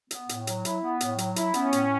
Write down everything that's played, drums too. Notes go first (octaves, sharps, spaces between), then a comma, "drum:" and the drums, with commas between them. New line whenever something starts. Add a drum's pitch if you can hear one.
B3, drum: hi-hat
A2, drum: hi-hat
F#3, drum: hi-hat
E4, drum: hi-hat
B3
A2, drum: hi-hat
F#3, drum: hi-hat
E4, drum: hi-hat
B3 C#4, drum: hi-hat
A2, drum: hi-hat